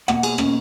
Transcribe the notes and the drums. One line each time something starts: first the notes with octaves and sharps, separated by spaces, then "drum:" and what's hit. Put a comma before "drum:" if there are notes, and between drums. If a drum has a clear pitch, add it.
B2 A#3 F#5, drum: rim click
G#4 G#5, drum: cymbal
B2 A#3 C#4, drum: rim click